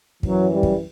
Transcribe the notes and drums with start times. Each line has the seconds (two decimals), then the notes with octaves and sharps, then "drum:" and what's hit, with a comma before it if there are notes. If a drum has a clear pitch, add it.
0.23 F#2 E3 F#3, drum: kick
0.53 G3
0.63 drum: kick